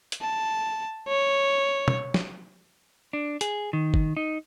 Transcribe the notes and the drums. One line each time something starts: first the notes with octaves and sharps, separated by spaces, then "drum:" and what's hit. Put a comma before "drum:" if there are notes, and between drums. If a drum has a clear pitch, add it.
drum: hi-hat
A5
C#5
drum: tom
drum: snare
D4
G#4, drum: hi-hat
D#3
drum: kick G1
D#4